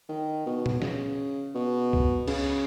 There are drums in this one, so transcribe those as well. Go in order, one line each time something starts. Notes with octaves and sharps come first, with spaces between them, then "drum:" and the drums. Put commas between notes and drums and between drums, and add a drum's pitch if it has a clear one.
D#3
B2
drum: tom A#2
C#3, drum: snare
B2
drum: kick C#2
C#3, drum: cymbal